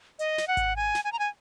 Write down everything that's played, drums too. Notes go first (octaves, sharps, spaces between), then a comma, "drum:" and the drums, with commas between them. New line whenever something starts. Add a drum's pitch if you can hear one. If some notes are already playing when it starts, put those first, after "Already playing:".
D#5, drum: hi-hat
drum: snare
F#5
drum: kick G#1, hi-hat
G#5
drum: snare
G#5
A#5
G#5